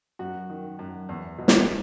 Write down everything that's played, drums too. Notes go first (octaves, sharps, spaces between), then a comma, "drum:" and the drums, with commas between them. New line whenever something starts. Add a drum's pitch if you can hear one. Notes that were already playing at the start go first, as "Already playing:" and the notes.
F#2 F#4
D#3
F#2
E2
B2
drum: snare